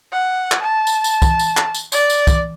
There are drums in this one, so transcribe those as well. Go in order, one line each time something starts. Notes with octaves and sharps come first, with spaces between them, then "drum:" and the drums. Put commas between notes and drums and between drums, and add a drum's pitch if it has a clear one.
F#5
drum: clap
A5
drum: tambourine
drum: tambourine
drum: kick, tambourine
drum: tambourine
drum: clap
drum: tambourine
D5, drum: tambourine
drum: tambourine
drum: kick, tambourine